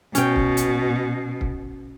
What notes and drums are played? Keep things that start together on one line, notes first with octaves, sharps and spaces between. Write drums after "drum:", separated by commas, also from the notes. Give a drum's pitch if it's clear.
B2 C#4 G5, drum: hi-hat
drum: kick C#1
drum: hi-hat
drum: kick C#1